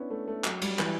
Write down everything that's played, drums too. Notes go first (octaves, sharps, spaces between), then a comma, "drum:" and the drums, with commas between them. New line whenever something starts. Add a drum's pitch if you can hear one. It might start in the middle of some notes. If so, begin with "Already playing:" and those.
Already playing: B3 C#4 D4 E4
A3
A3
F#3, drum: clap
G3, drum: cymbal
E3, drum: clap